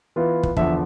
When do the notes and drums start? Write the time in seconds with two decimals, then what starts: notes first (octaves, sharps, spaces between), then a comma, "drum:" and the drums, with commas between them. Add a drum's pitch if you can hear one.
0.16 E3 B3 F4
0.43 drum: kick
0.57 E2 D3 F3 E5, drum: kick